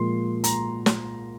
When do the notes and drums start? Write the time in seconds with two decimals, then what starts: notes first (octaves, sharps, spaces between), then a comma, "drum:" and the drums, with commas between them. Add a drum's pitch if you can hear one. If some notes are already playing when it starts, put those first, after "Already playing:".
Already playing: A#2 F3 G#3 C6
0.44 A#5, drum: hi-hat
0.86 drum: snare